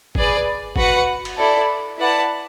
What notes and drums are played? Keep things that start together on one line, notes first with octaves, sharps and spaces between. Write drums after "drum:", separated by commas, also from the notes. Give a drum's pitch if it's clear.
G#4 B4 D5, drum: kick
F#4 B4 F#5, drum: kick
drum: cymbal
E4 A4 D5
E4 B4 D5 F#5 A5